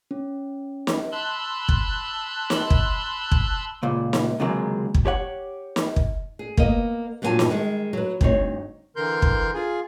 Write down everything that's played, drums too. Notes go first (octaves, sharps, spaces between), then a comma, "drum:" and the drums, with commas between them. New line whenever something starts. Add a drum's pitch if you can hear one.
C#4
drum: snare
A5 B5 C6 E6 F#6
drum: kick
drum: snare
drum: kick
drum: kick
C#2 A#2
drum: snare
C#2 C3 D#3 F#3 G#3 A#3
drum: kick
G4 C#5 F#5
drum: snare
drum: kick
G#4
A#3 B3 D#5, drum: kick
G2 A#2 F#3 A4 G#5 A5
drum: snare
D#3 G3 G#3
F#3 B4
D2 G2 C4 D#4 C#5, drum: kick
D3 E3 A#4 C6 G6
drum: kick
F4 G#4 G#5